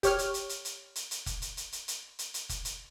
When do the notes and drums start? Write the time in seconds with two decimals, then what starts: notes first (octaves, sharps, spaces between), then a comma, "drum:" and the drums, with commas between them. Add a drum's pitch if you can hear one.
0.03 G4 C#5 F6, drum: kick F1, hi-hat
0.19 drum: hi-hat
0.34 drum: hi-hat
0.49 drum: hi-hat
0.65 drum: hi-hat
0.96 drum: hi-hat
1.11 drum: hi-hat
1.26 drum: kick F1, hi-hat
1.42 drum: hi-hat
1.57 drum: hi-hat
1.72 drum: hi-hat
1.88 drum: hi-hat
2.19 drum: hi-hat
2.34 drum: hi-hat
2.49 drum: kick F1, hi-hat
2.65 drum: hi-hat